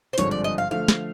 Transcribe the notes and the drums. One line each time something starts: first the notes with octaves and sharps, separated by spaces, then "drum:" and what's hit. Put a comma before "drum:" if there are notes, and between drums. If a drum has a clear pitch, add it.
C5
G#1 G2 D3 F3 C#5, drum: hi-hat
D5
D#5
F5
D3 F3 A3 F5
drum: snare